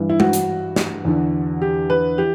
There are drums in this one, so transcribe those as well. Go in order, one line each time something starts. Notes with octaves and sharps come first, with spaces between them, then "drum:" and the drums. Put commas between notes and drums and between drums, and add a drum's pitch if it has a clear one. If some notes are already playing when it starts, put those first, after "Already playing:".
Already playing: G2 E3
E4
F#4, drum: tom G#3
drum: hi-hat
drum: snare
E2 D3
G4
B4
E3 G4